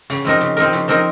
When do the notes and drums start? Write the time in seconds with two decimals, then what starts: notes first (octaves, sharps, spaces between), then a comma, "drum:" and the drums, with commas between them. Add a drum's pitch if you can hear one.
0.10 C#3, drum: open hi-hat
0.25 F3 C4 D#4 A#4
0.41 C#3
0.57 F3 C4 D#4 A#4
0.73 C#3, drum: snare
0.88 F3 C4 D#4 A#4